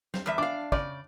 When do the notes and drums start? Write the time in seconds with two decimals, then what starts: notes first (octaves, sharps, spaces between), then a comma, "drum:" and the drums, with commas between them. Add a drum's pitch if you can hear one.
0.14 C4, drum: snare
0.26 E2 G3 E5
0.38 D4 F5 D6
0.72 C#3 D5, drum: kick